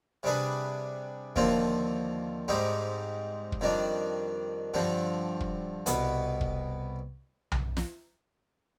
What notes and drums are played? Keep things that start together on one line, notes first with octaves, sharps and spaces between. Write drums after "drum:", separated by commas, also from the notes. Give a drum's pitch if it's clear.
C3 G3 D4 G#4 B4
D#2 D3 F3 C4 F4, drum: kick
G#2 G3 C4 D#4 G4
drum: kick
F2 D#3 G3 D4
G2 D3 F3 C4
drum: kick
C2 B2 B3, drum: hi-hat
drum: kick
drum: tom B1
drum: snare